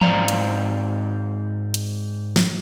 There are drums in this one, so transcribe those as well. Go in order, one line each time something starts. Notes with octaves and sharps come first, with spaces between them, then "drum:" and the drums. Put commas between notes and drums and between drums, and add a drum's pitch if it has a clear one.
G#2 C4 C#5 D5 F5 A#5, drum: tom E3
drum: hi-hat
drum: hi-hat
drum: snare